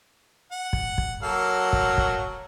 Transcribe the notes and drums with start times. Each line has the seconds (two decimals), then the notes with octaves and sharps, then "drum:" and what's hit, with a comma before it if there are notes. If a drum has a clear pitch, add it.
0.52 F#5
0.73 drum: kick
0.98 drum: kick
1.23 F#3 A#3 A4 F5
1.73 drum: kick
1.98 drum: kick